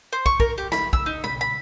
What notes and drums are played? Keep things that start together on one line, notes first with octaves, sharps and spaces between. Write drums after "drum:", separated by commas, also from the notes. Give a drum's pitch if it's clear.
C5
C#6, drum: kick
A#4, drum: kick
G4
B5, drum: snare
E6, drum: kick
D#4
B5, drum: tom A#2
B5